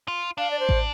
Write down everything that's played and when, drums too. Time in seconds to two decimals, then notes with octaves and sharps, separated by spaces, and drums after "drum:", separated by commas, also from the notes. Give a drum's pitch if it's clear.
0.08 F4
0.38 D4 F5
0.51 D5
0.60 C5
0.69 drum: kick A1